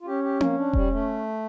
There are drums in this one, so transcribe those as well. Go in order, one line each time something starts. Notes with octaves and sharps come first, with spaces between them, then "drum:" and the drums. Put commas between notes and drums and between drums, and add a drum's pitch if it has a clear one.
F4
C#4 G4
G4
A#3, drum: tom C4
D4
G3, drum: kick E1
A3